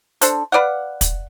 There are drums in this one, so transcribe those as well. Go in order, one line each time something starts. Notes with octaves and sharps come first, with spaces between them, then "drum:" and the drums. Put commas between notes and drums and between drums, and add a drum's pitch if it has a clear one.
D4 A4 C5, drum: hi-hat
B4 D5 F5 F#5
drum: kick, hi-hat